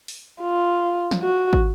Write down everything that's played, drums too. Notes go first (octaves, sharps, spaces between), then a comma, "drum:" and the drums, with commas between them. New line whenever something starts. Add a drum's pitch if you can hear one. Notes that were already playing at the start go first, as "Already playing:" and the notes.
drum: open hi-hat
F4
drum: snare
F#4
drum: kick